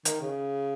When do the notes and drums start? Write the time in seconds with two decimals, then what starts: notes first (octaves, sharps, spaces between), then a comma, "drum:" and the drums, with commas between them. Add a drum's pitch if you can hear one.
0.05 D#3, drum: hi-hat
0.21 C#3